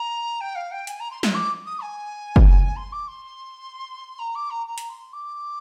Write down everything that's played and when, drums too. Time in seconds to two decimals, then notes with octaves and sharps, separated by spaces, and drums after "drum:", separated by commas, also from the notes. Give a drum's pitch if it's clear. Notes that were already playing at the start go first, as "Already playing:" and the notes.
Already playing: A#5
0.40 G5
0.55 F5
0.71 G5
0.87 G#5, drum: hi-hat
1.00 A#5
1.10 C6
1.23 C6, drum: snare
1.35 D6
1.66 D#6
1.82 G#5
2.36 drum: kick
2.76 C6
2.92 D6
3.07 C6
4.19 A#5
4.35 D6
4.50 A#5
4.67 A#5
4.78 drum: hi-hat
4.89 C6
5.13 D6